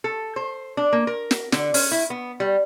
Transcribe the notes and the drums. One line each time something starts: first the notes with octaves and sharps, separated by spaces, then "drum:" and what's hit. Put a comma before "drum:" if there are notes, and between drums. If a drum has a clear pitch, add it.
A4
C5
D4
A#3
A#4
drum: snare
D3, drum: snare
C#4, drum: open hi-hat
E4
B3
G3